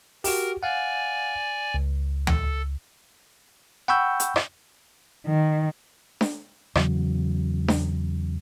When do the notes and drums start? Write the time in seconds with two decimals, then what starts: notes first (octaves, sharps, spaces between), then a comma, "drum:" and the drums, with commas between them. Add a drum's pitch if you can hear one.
0.24 F#4 G4 A#4, drum: open hi-hat
0.63 D5 F5 F#5 G#5
1.74 C#2
2.27 A4, drum: tom D2
3.88 F#5 G5 B5 C#6 E6 G6
4.20 drum: hi-hat
4.36 drum: rim click
5.27 D#3
6.21 drum: snare D4
6.75 E2 C#3 F#3, drum: rim click
7.68 drum: snare D4